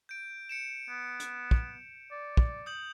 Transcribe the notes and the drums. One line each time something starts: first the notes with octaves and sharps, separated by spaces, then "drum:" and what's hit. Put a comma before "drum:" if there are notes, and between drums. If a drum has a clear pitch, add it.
G6 D7
C#7 D7 E7
B3
drum: hi-hat
drum: kick
D5
drum: kick
D#6 G6 F#7